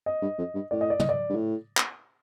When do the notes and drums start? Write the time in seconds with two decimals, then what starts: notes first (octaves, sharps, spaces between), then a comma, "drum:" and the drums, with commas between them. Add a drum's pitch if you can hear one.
0.06 D#5
0.22 G2
0.38 F2
0.54 G2
0.71 A2 D5
0.81 D#5
0.90 D5
1.00 D#5, drum: tom
1.09 D5
1.30 G2
1.35 A2
1.77 drum: clap